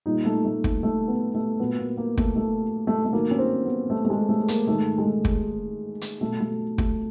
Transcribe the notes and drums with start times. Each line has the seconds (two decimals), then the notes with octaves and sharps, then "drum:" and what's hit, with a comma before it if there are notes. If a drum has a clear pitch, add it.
0.06 A#2 G3 D#4
0.25 A3
0.45 A3
0.64 A3, drum: kick
0.83 A3
1.08 B3
1.35 A3
1.60 A#2 F#3 B3
1.79 A#3
1.97 A#3
2.17 A3, drum: kick
2.36 A3
2.87 A3
3.05 A3
3.13 G#2 D#3 F#3 A#3
3.31 C#4
3.38 C4
3.65 B3
3.90 A3
4.05 A3
4.10 G#3
4.29 A3
4.48 A#3, drum: hi-hat
4.67 G#2 D#3 G#3 A3
4.98 G#3
5.06 A3
5.25 drum: kick
6.01 drum: hi-hat
6.20 B2 F#3 A3
6.40 A3
6.78 A3, drum: kick